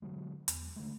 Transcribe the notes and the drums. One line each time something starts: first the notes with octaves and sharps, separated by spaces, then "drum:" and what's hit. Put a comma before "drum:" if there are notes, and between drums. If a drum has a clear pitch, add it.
D3 F#3 G#3
E2, drum: hi-hat
D3 G#3 A3